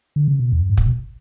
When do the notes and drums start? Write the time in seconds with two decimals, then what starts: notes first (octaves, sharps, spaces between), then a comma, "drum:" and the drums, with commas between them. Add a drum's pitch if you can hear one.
0.16 D3
0.28 C#3
0.39 B2
0.52 E2
0.61 F#2
0.70 G#2
0.77 A2, drum: kick
0.86 B2